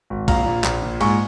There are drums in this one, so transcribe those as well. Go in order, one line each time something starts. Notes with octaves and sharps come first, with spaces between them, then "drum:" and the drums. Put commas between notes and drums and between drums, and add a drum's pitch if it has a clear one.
G#1
A#1 F5 A#5, drum: kick A#1, cymbal
A#2
A#1, drum: clap
A#2
G#2 G#5 C#6, drum: cymbal